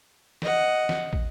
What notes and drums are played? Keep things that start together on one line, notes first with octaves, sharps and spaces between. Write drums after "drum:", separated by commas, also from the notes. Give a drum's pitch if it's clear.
D#5 F#5, drum: snare
drum: snare
drum: kick